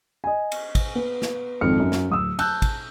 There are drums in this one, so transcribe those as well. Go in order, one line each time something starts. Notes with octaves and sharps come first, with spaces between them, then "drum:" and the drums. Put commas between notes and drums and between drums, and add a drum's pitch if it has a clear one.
D#5 G#5
drum: cymbal
drum: kick, cymbal
B3
drum: snare
G#1 F2 A4 F6 C#7
F#2
drum: snare
D1 D#6 E6
A5 E6 F#6 G6, drum: cymbal
drum: kick, cymbal